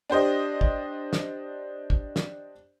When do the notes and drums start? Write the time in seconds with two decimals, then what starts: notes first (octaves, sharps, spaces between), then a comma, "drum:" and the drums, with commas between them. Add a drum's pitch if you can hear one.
0.10 D4 G4 C5 D#5
0.61 drum: kick
1.13 drum: snare
1.90 drum: kick
2.16 drum: snare